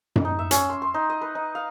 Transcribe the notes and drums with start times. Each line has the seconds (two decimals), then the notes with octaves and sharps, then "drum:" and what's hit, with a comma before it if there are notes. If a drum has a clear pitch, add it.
0.16 drum: tom F#2
0.25 D#4
0.39 E5
0.51 C#4, drum: hi-hat
0.70 C6
0.82 C6
0.94 D#4
1.10 D#5
1.21 B4
1.35 D#4
1.55 F5